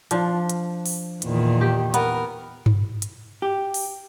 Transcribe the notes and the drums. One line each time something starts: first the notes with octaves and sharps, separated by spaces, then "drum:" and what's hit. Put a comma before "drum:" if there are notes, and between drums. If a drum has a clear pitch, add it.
F3 D4, drum: hi-hat
drum: hi-hat
drum: open hi-hat
E2 A#2 D#3, drum: hi-hat
G4
B3 A#4, drum: hi-hat
drum: tom G2
drum: hi-hat
G4
drum: open hi-hat